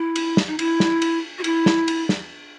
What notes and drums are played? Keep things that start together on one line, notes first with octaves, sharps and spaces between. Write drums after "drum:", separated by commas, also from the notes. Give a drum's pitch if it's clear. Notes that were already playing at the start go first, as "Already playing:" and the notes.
Already playing: E4
drum: cymbal
drum: snare
D#4
E4, drum: cymbal
drum: snare
drum: cymbal
F#4
E4, drum: cymbal
drum: snare
drum: cymbal
drum: snare